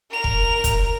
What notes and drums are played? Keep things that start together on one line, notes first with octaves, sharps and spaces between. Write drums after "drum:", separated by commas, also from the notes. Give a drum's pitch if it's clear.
A#4 F7
drum: kick F1
drum: kick F1, hi-hat